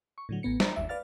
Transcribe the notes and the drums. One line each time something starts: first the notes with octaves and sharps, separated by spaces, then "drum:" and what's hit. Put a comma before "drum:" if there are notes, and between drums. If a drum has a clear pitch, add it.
C#6
A2 D3 F#3
A1 A2 B3 C#7
C5 A#5 B5, drum: snare
G1 D#2 E5
B4 D5 F5 F6 A6